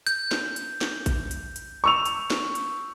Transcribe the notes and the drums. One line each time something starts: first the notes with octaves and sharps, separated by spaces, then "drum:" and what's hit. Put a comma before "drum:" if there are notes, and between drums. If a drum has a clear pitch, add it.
G6, drum: hi-hat
drum: snare
drum: hi-hat
drum: snare
drum: kick A1, hi-hat
drum: hi-hat
drum: hi-hat
C#6 E6 F7
drum: hi-hat
drum: snare
drum: hi-hat